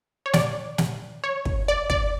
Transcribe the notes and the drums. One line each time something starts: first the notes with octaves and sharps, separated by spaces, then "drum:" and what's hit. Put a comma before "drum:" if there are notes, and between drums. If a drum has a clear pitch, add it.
C#5
D5, drum: snare
drum: snare
C#5
drum: kick
D5
D5, drum: kick